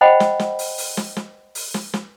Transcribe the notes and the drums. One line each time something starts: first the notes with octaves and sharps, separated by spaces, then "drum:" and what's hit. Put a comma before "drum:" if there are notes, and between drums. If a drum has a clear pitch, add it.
C5 D#5 F#5 G5 B5
drum: snare
drum: snare
drum: open hi-hat
drum: open hi-hat
drum: snare
drum: snare
drum: open hi-hat
drum: snare
drum: snare